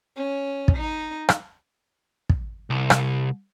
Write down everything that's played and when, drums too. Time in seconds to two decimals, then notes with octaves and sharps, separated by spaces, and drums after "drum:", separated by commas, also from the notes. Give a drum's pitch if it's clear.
0.17 C#4
0.68 drum: kick
0.77 D#4
1.29 drum: rim click
2.29 drum: kick
2.70 C2
2.90 drum: rim click